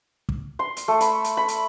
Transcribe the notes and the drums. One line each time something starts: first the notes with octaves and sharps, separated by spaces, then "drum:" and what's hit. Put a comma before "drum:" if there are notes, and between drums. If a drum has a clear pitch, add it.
drum: kick
C6
drum: hi-hat
A3
B5, drum: hi-hat
drum: hi-hat
B5
drum: hi-hat